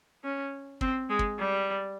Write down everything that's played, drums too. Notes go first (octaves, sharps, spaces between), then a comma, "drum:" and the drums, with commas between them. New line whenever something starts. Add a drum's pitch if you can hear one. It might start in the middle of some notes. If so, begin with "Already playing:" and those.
C#4
C4, drum: kick
G#3
drum: kick
G3